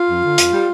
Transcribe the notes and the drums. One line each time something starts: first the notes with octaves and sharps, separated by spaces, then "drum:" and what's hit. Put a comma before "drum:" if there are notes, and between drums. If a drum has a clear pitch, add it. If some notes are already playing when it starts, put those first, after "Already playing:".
Already playing: F4
F2
D3
F2, drum: hi-hat
G3